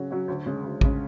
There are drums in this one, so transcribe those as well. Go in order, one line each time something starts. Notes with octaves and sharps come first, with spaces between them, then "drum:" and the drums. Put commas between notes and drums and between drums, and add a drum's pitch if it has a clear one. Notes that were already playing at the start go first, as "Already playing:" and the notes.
Already playing: C#3 F#3 C#4 F#4
F#3 C#4 F#4
D2
C#3 G#3
D2
C#3 G#3, drum: kick